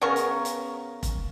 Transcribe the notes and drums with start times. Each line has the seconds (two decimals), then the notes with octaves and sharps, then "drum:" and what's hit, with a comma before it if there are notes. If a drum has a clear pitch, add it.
0.01 C#3 B3 A#4 C#6
0.16 drum: hi-hat
0.45 drum: hi-hat
1.03 drum: kick F1, hi-hat